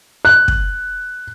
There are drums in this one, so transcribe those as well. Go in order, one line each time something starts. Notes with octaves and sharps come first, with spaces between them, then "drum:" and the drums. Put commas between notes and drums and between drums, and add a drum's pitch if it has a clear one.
F#6
drum: kick